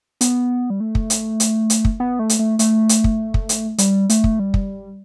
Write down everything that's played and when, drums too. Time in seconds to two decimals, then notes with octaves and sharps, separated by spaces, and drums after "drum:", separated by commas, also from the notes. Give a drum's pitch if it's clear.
0.21 B3, drum: hi-hat
0.70 G3
0.80 A3
0.95 drum: kick
1.10 drum: hi-hat
1.40 drum: hi-hat
1.70 drum: hi-hat
1.85 drum: kick
2.00 B3
2.19 A3
2.29 drum: hi-hat
2.39 A3
2.59 A3, drum: hi-hat
2.89 drum: hi-hat
3.04 drum: kick
3.34 drum: kick
3.49 drum: hi-hat
3.78 G3, drum: hi-hat
4.10 A3, drum: hi-hat
4.24 drum: kick
4.39 G3
4.54 drum: kick